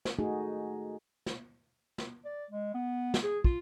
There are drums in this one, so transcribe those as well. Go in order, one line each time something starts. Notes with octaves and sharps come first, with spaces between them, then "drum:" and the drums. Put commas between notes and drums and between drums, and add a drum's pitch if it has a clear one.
drum: snare
A3 D#4 F#4 G#4
drum: snare
drum: snare
D5
G#3
B3
drum: snare
G#4
F4, drum: kick